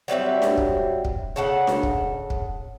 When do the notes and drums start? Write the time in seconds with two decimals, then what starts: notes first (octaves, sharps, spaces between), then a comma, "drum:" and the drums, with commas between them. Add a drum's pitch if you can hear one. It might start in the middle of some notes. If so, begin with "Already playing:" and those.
0.08 F#3 G3 C4 E5
0.42 drum: snare D4
0.57 drum: kick
1.05 drum: kick
1.36 C#3 A4 F#5
1.67 drum: snare D4
1.83 drum: kick
2.30 drum: kick